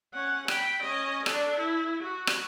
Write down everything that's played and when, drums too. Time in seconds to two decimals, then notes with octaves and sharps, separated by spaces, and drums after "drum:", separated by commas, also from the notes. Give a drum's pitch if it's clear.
0.13 C#4 F#5
0.48 G5 B5, drum: rim click
0.83 C#4 D#5
1.26 D4 A4, drum: rim click
1.58 E4
2.03 F#4
2.27 drum: rim click